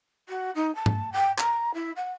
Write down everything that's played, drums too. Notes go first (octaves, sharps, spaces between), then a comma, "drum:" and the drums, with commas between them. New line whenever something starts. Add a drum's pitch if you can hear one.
F#4
D#4
A5
drum: tom G#2
G5
A#5, drum: clap
E4
F#5